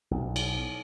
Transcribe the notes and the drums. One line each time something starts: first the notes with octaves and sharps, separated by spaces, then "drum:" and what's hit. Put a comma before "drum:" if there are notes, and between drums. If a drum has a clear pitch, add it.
B1
drum: cymbal